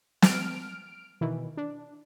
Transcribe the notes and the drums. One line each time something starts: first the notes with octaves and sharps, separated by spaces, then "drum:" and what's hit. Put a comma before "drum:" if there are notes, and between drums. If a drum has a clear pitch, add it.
F6 D7, drum: snare
B2 D#3 E3
D4